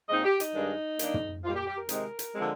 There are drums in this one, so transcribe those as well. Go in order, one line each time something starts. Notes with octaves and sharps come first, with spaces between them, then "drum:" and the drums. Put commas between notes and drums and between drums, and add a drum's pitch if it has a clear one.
A#2 G#3 C4 D#4 D#5
G4
D#4, drum: hi-hat
G2 D#3 G#3 D4
D#3 A#3 D4, drum: hi-hat
drum: tom
A#2 G3 A#3 D#4 F4
G4
G4
A#4
C3 D#3 G#3 C4 D#4, drum: hi-hat
drum: hi-hat
D3 F3 G#3 C4